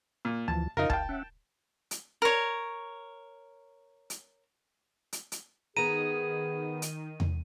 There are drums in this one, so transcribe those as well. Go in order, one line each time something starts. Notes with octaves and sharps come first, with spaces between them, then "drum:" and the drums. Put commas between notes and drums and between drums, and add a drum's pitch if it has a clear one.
A#2
D2 E3 F3 A5
F2 C#3 D#4 F4 A#4 A#6
F5 G5 A5, drum: kick
C#4 E5 F#5
drum: hi-hat
A#4 C#5
drum: hi-hat
drum: hi-hat
drum: hi-hat
D#3 B3 G#4 A#5 D#7
drum: hi-hat
drum: tom E2